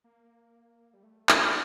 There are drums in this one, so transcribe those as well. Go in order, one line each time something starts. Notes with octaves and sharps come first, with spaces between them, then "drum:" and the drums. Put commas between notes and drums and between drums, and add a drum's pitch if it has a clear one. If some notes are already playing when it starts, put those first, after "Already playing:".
A#3
G3
A3
C4, drum: clap
A#3